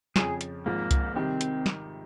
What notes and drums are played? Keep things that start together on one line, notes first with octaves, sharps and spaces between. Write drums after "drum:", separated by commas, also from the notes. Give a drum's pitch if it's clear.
F2 C#3 F3 G#4, drum: snare
drum: hi-hat
G#1 G#2 F3 A#3
drum: kick C2, hi-hat
C3 D#3 G3 C4
drum: hi-hat
drum: snare